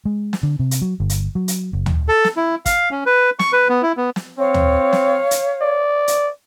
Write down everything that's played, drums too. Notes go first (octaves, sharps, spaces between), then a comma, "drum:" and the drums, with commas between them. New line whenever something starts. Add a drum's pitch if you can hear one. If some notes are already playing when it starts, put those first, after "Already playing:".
G#3
drum: snare
D3
C3
drum: hi-hat
F#3
G1
drum: hi-hat
F#3
drum: hi-hat
F#1
drum: tom
A4
drum: snare
E4
F5, drum: kick, hi-hat
C#4
B4
C#6, drum: snare
B4
B3
E4
B3
drum: snare
C4 C#5 F5
drum: tom
drum: snare
drum: hi-hat
D5
drum: hi-hat